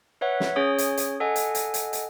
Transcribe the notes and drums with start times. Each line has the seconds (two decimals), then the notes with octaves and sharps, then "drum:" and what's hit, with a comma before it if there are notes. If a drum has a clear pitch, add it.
0.21 B4 C#5 E5 F#5
0.40 drum: snare
0.56 C#4 G#4 C#5 D#6
0.78 drum: hi-hat
0.97 drum: hi-hat
1.20 A4 D#5 F#5 G#5
1.36 drum: hi-hat
1.55 drum: hi-hat
1.74 drum: hi-hat
1.93 drum: hi-hat